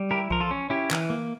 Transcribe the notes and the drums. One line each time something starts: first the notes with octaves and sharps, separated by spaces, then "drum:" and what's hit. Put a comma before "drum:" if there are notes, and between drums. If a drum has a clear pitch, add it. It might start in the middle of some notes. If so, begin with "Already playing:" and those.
Already playing: G3
E4 G4 A#4
F3 A#4, drum: kick C2
F4 A4
C#4
C#4 E4 G4
E3, drum: clap
A#3